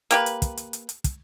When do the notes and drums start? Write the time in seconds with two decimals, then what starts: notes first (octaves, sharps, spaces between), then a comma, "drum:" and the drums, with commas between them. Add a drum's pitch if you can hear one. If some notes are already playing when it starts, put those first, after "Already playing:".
0.11 A#3 G4 B4, drum: hi-hat
0.26 drum: hi-hat
0.42 drum: kick, hi-hat
0.57 drum: hi-hat
0.73 drum: hi-hat
0.89 drum: hi-hat
1.04 drum: kick, hi-hat